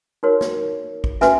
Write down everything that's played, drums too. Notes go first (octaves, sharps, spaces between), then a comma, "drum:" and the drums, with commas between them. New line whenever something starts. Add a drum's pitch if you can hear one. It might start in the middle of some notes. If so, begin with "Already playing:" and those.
D#4 F#4 A#4 C#5
drum: snare
drum: kick
C#4 F#4 B4 E5 G#5, drum: snare